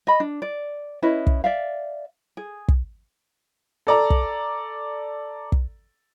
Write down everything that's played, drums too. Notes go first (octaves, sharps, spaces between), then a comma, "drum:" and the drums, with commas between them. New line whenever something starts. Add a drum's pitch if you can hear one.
D#5 B5
D4
D5
C#4 E4 B4 D#5
drum: kick
D5 E5 F5
G#4
drum: kick
A4 D5 A#5
drum: kick
drum: kick